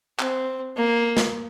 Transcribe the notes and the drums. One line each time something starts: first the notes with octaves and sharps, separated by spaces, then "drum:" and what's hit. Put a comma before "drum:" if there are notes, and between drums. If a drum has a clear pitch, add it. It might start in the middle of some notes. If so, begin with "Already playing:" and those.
C4, drum: clap
A#3
drum: snare